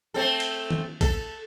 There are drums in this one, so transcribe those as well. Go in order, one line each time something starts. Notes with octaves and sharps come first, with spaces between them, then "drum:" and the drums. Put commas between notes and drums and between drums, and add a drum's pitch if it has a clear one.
A3 C4 A4
drum: cymbal
drum: tom D#3
A4, drum: kick, cymbal